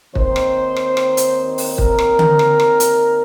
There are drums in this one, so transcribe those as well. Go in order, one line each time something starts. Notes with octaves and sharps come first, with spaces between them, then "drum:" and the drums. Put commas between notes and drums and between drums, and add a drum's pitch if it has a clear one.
D#2 D#3 C4 D#4 C5, drum: kick
drum: rim click
drum: rim click
drum: rim click
drum: hi-hat
drum: open hi-hat
A#4, drum: kick
drum: rim click
drum: tom D3
drum: rim click
drum: rim click
drum: hi-hat